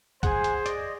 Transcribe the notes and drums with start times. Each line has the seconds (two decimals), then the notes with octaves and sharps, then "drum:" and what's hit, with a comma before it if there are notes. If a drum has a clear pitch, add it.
0.23 G#4 C5 F#5 G#5, drum: kick, hi-hat
0.44 drum: hi-hat
0.66 D5 D#5, drum: hi-hat